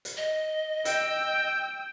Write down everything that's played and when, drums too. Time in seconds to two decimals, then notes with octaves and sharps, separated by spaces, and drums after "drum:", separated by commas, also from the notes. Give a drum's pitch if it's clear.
0.05 drum: hi-hat
0.17 D#5
0.85 G5 E6, drum: hi-hat